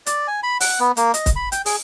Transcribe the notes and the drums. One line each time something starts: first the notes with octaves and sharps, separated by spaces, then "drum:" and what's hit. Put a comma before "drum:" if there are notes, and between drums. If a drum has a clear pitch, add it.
D5, drum: hi-hat
G#5
B5
F#5, drum: open hi-hat
B3
A#3, drum: hi-hat
D#5, drum: hi-hat
drum: kick, hi-hat
B5
G5, drum: hi-hat
G#4, drum: open hi-hat